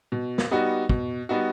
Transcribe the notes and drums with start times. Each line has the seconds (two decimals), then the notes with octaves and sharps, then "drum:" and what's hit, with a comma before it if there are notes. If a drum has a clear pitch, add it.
0.12 B2
0.38 drum: snare
0.51 G3 B3 D#4 F#4
0.89 B2, drum: kick
1.29 G3 B3 D#4 F#4